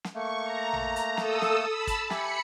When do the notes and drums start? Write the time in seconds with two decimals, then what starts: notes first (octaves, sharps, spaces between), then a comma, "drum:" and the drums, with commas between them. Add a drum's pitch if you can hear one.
0.04 drum: snare
0.15 A3 A#3 C#6
0.44 A#5
0.73 drum: tom A1
0.96 drum: hi-hat
1.17 A4 D#6 E6, drum: snare
1.42 drum: snare
1.69 A5 B5 E6
1.87 drum: kick, hi-hat
2.10 G4 E5 G#5 B5 C#7, drum: snare